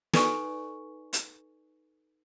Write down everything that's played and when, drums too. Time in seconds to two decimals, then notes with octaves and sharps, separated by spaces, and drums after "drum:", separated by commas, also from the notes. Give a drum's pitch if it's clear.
0.13 D#4 A4 B4 D5 G#5 C#6, drum: snare
1.13 drum: hi-hat